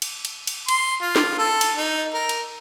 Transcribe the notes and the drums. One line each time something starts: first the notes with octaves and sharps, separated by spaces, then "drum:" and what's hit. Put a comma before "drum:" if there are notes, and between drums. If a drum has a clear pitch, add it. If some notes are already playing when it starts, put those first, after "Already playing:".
drum: cymbal
drum: cymbal
drum: cymbal
C6, drum: cymbal
F4
drum: snare
A4
drum: cymbal
D#4
A#4
drum: cymbal